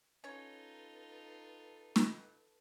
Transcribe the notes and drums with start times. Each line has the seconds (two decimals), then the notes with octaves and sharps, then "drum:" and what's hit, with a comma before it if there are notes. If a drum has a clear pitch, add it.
0.24 C#4 D#4 F4 A4 B4 C#5
1.96 drum: snare